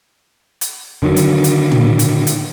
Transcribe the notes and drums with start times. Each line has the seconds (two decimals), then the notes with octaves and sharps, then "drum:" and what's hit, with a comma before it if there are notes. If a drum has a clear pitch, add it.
0.61 drum: hi-hat
1.03 D3 D#3 F#3
1.16 drum: hi-hat
1.44 drum: hi-hat
1.72 drum: tom
1.99 drum: hi-hat
2.27 drum: hi-hat